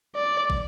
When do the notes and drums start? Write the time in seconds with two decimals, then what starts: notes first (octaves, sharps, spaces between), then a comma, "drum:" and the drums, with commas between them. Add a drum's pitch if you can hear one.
0.16 D5
0.50 drum: kick